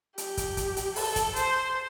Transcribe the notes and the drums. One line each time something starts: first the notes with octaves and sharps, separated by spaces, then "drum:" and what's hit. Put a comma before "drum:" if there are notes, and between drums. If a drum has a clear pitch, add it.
G4, drum: hi-hat
drum: kick, hi-hat
drum: kick, hi-hat
drum: hi-hat
A4, drum: open hi-hat
drum: kick, hi-hat
C5, drum: hi-hat